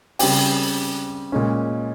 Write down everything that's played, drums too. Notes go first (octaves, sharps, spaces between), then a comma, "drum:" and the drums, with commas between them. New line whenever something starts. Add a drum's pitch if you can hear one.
C#3 G3 C4 G4, drum: open hi-hat
A#2 G#3 C#4